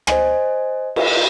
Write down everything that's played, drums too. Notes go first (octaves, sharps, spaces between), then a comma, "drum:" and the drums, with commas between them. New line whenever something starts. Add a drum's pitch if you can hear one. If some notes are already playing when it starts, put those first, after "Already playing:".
C5 D#5 G#5, drum: rim click
drum: cymbal